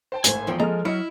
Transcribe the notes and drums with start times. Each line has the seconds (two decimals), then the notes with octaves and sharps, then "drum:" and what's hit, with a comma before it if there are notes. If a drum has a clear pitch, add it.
0.12 C5 G5 A5
0.24 G#1 A2 C5 G#5, drum: hi-hat
0.47 E2 F3 G5
0.60 F3 G#3 A4 D#5 A#5 D#6 F6
0.85 F#3 E4 D#5 F6 C#7